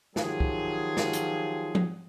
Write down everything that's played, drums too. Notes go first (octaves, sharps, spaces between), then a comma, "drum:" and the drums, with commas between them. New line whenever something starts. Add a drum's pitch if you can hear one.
D#3 F3 F#3 F4 G4 G#4, drum: snare
drum: kick
drum: snare
drum: hi-hat
drum: tom F3